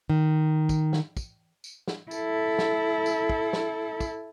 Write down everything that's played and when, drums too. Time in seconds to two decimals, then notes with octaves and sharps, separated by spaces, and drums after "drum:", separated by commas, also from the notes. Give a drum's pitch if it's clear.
0.10 D#3
0.69 drum: kick, tambourine
0.93 drum: snare
1.17 drum: kick, tambourine
1.64 drum: tambourine
1.88 drum: snare
2.11 E4 A4, drum: tambourine
2.58 drum: snare
3.06 drum: tambourine
3.29 drum: kick
3.53 drum: snare
4.00 drum: kick, tambourine